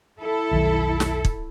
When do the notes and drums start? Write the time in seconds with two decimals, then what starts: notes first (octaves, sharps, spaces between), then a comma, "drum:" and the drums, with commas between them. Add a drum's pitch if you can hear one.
0.20 E4 A4
0.51 F1 B1 D#3
1.00 drum: snare
1.25 drum: kick